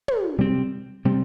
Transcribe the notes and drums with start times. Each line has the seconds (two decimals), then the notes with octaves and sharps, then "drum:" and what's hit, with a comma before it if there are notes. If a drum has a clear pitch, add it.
0.08 drum: tom
0.38 C3 G3 C4
1.05 C3 G3 C4